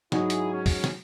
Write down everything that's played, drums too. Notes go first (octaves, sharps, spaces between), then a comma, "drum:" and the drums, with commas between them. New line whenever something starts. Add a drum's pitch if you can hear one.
G#2 F#3 G#3 E4 G#4, drum: snare
drum: hi-hat
C#4
drum: kick, open hi-hat
drum: snare